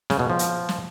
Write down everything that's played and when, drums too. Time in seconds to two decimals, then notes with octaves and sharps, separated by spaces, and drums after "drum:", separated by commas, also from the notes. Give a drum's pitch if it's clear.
0.10 C#3, drum: snare
0.19 B2
0.30 F3
0.39 drum: hi-hat
0.69 drum: snare